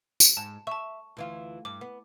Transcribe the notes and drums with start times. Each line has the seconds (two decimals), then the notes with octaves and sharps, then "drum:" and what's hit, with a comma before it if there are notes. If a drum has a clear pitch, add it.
0.20 drum: tambourine
0.37 G#2 A5
0.67 E5 A5 C#6
1.17 D2 E3 F4
1.65 G2 D6
1.81 B3